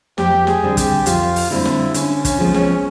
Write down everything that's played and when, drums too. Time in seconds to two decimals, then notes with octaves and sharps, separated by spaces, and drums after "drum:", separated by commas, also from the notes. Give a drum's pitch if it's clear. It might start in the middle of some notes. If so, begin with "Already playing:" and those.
0.18 F2 G4, drum: snare
0.47 G#4, drum: snare
0.63 D3 G3 C4
0.77 G4, drum: kick, hi-hat
1.06 F2 F4, drum: hi-hat
1.36 drum: open hi-hat
1.51 D3 G3 C4 E4
1.65 drum: snare
1.94 D3 C#4, drum: hi-hat
2.25 C#4, drum: kick, hi-hat
2.39 F3 G#3 B3
2.54 C#4, drum: snare